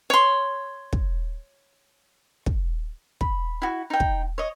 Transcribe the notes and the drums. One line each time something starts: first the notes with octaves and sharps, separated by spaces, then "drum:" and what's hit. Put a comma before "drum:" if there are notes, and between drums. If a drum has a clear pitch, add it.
C#5 C6
drum: kick
drum: kick
B5, drum: kick
E4 F#4
D#4 G5
drum: kick
C#5 D#5